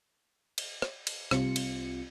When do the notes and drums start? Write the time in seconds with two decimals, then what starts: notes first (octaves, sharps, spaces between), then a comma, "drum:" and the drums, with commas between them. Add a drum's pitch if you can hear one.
0.58 drum: cymbal
0.82 drum: rim click
1.07 drum: cymbal
1.31 C2 C3 F4 C#7, drum: rim click
1.56 drum: cymbal